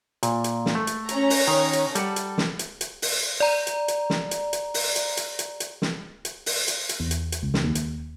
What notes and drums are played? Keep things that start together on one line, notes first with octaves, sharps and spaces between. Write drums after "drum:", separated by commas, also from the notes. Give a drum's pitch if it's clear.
A#2, drum: hi-hat
drum: hi-hat
drum: snare
A3
drum: hi-hat
C#4 A#5, drum: hi-hat
drum: open hi-hat
D#3
drum: hi-hat
G3 A4 F#5, drum: hi-hat
drum: hi-hat
drum: snare
drum: hi-hat
drum: hi-hat
drum: open hi-hat
D5 A#5
drum: hi-hat
drum: hi-hat
drum: snare
drum: hi-hat
drum: hi-hat
drum: open hi-hat
drum: hi-hat
drum: hi-hat
drum: hi-hat
drum: hi-hat
drum: snare
drum: hi-hat
drum: open hi-hat
drum: hi-hat
drum: hi-hat
E2
drum: hi-hat
drum: hi-hat
C#2
drum: snare
D#2
drum: hi-hat